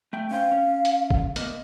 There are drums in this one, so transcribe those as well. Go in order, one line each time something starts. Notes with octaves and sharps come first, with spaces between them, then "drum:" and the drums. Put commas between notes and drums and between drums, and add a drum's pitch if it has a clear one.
A3 G5
C#4 C5 F5 G5
C#4
drum: hi-hat
drum: kick
D2 B2 A#3 D#5, drum: hi-hat